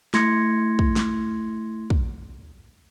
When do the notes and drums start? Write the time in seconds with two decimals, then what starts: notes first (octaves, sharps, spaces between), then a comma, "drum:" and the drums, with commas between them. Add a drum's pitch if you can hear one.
0.14 A3 E4 C6 G#6 A#6 C#7, drum: snare
0.79 drum: kick
0.96 drum: snare
1.90 drum: kick